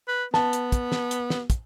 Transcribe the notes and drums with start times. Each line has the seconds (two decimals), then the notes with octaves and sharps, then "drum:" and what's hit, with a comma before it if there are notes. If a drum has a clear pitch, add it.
0.08 B4
0.34 B3 A5, drum: snare
0.53 drum: hi-hat
0.72 drum: kick, hi-hat
0.92 drum: snare
1.11 drum: hi-hat
1.30 drum: snare
1.50 drum: kick, hi-hat